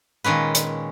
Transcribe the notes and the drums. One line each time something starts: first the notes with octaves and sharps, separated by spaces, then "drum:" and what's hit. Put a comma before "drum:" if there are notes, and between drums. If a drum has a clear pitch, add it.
A#2 D#3 G#3 C#4 B4
drum: hi-hat